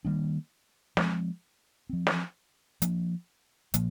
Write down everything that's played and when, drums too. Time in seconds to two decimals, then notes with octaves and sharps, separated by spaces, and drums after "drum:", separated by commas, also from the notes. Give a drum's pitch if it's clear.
0.05 D#3 G3 A#3 D4
0.97 F3 G#3 C4, drum: snare
1.89 F3 C4
2.07 drum: snare
2.82 F3 A#3 D4, drum: hi-hat
3.74 A#2 F3 A#3, drum: hi-hat